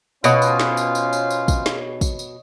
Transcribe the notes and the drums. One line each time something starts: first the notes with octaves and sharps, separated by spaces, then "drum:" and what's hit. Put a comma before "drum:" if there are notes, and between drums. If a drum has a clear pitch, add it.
B2 C#4 F4 C5 C#5 D#5, drum: tambourine
drum: tambourine
drum: snare
drum: tambourine
drum: tambourine
drum: tambourine
drum: tambourine
drum: kick, tambourine
drum: snare
drum: kick, tambourine
drum: tambourine